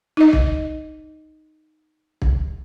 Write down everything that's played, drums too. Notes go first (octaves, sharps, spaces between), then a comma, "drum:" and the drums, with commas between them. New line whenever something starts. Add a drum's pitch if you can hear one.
D#4 D#5
drum: kick
drum: kick